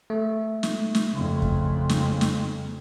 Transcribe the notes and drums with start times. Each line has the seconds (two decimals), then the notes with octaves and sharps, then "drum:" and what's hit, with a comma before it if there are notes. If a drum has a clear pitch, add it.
0.10 A3
0.63 drum: snare
0.95 drum: snare
1.10 F2 C#3
1.42 drum: kick
1.89 drum: snare
2.21 drum: snare